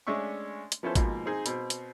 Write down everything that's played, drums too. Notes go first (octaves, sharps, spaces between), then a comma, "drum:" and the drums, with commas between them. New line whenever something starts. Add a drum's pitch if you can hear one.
G#3 A3 C#4 D4 E5 C#6
drum: hi-hat
F3 B3 C#4 E4 A4 C5
G#2 B2 F3 A#3, drum: kick, hi-hat
C4 D#4 G#4 C5
B2 C4, drum: hi-hat
drum: hi-hat